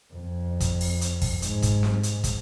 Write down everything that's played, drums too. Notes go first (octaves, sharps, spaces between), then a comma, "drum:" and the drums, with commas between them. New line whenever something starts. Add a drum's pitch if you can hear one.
F2
drum: kick, hi-hat
drum: open hi-hat
drum: hi-hat
drum: kick, open hi-hat
G#2, drum: hi-hat
drum: kick, hi-hat
drum: snare C4
drum: hi-hat
drum: kick, hi-hat